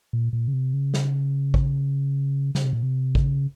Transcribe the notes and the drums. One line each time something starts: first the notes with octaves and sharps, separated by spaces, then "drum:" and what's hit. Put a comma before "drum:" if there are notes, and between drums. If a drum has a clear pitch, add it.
A#2
A#2
C#3
C3
C#3
drum: snare
drum: kick
C#3, drum: snare
C3
A#2
C3
C#3, drum: kick